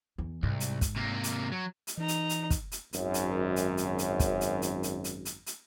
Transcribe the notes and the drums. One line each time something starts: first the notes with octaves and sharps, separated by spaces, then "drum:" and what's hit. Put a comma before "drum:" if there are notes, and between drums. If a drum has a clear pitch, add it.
E2
C2 G#2
drum: hi-hat
drum: kick, hi-hat
C3 A#3
drum: hi-hat
F#3
drum: hi-hat
E3 D#4 A#5
drum: hi-hat
drum: hi-hat
drum: kick, hi-hat
drum: hi-hat
G#1 F#2, drum: hi-hat
drum: hi-hat
drum: hi-hat
drum: hi-hat
drum: hi-hat
drum: kick, hi-hat
drum: hi-hat
drum: hi-hat
drum: hi-hat
drum: hi-hat
drum: hi-hat
drum: hi-hat